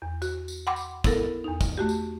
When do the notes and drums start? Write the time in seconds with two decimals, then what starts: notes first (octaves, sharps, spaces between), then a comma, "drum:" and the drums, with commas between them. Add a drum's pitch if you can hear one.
0.02 E2
0.22 F#4, drum: tambourine
0.48 drum: tambourine
0.67 F#5 G5 B5 C6 D6
0.76 drum: tambourine
1.04 B3 E4 A4 A#4, drum: kick, tambourine
1.44 E2 D#4
1.61 drum: kick, tambourine
1.78 A3 F#4 G4
1.89 drum: tambourine